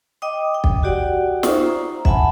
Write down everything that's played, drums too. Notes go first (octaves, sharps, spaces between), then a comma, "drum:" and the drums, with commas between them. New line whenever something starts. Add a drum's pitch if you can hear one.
D#5 G5 D6 D#6
G5
drum: kick
F#4 G4 D5 F#5 G5
D#4 F4 C5 E5 C#6 D#6, drum: snare
A#5
E5 F#5 G#5 A5 B5, drum: kick